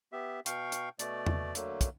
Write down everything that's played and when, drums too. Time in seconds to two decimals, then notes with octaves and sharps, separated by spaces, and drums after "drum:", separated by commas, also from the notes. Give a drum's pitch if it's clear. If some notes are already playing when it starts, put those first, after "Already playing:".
0.12 B3 G4 E5
0.46 B2 F5 G5 C#6, drum: hi-hat
0.72 drum: hi-hat
0.99 B2 A3 D5, drum: hi-hat
1.26 drum: tom E2
1.55 D3 F#3 A3 A#3, drum: hi-hat
1.81 drum: kick, hi-hat